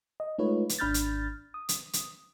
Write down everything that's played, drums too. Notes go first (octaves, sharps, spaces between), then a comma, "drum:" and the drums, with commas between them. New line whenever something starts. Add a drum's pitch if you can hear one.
D#5
G#3 A3 D#4 F4 B4 C#5
drum: hi-hat
G#1 D4 B5 F6 G6 A6
drum: hi-hat
D#6
drum: hi-hat
drum: hi-hat